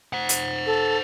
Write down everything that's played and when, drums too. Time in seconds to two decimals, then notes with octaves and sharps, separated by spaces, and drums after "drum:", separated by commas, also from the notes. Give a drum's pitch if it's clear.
0.13 C5 F#5
0.29 drum: hi-hat
0.66 A4